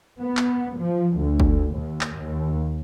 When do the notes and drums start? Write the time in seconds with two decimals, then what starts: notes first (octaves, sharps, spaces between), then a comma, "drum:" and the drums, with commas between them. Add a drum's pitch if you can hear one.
0.20 B3
0.37 drum: clap
0.78 F3
1.17 D2
1.40 drum: kick
1.74 D#2
2.01 drum: clap
2.18 D#2